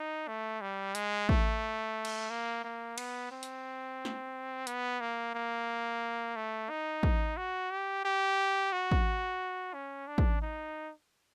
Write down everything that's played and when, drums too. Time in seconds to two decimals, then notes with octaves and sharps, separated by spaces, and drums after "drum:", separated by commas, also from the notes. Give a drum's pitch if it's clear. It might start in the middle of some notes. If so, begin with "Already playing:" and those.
Already playing: D#4
0.28 A3
0.61 G3
0.95 G#3, drum: hi-hat
1.29 A3, drum: kick
2.05 drum: cymbal
2.30 A#3
2.64 A#3
2.98 B3, drum: cymbal
3.31 C4
3.43 drum: hi-hat
4.05 drum: snare
4.67 B3, drum: hi-hat
5.00 A#3
5.35 A#3
6.36 A3
6.70 D#4
7.03 drum: kick
7.37 F#4
7.71 G4
8.05 G4
8.72 F#4
8.92 drum: kick
9.74 C#4
10.07 D4
10.18 drum: kick
10.42 D#4